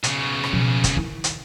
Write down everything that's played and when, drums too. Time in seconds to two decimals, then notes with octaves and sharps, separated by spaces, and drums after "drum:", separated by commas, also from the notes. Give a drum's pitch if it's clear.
0.04 B1 C#3, drum: hi-hat
0.44 drum: rim click
0.53 B2 F3
0.84 drum: kick, hi-hat
0.96 D#3 E4
1.24 drum: hi-hat